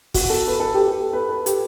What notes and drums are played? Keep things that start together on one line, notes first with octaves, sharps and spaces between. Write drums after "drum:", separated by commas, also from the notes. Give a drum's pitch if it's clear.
F#4, drum: kick, open hi-hat
A4
B4
A4
G4
A4
B4
A4
G4, drum: hi-hat